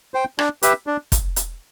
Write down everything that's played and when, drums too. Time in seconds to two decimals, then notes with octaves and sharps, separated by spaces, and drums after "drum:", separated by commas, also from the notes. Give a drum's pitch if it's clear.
0.14 C5 G5
0.39 D4, drum: rim click
0.63 G4 B4 E5, drum: hi-hat
0.87 D4
1.12 drum: kick, hi-hat
1.36 drum: hi-hat